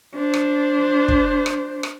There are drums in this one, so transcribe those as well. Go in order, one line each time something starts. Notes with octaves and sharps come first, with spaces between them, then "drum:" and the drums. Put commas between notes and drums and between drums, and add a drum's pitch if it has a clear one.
D4 C5
drum: rim click
drum: kick
drum: rim click
drum: rim click